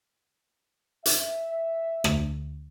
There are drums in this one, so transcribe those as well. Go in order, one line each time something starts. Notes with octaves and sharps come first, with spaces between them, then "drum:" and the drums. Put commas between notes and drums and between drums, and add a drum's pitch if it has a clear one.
E5, drum: hi-hat
D2, drum: rim click